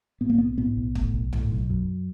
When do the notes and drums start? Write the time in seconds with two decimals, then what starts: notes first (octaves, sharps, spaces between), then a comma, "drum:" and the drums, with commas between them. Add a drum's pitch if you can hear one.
0.21 A2 B3
0.30 A#3
0.38 B1 B3
0.58 A2 B3
0.77 B1
0.95 A2, drum: kick
1.14 B1
1.33 A2, drum: tom A#1
1.51 B1
1.70 F#2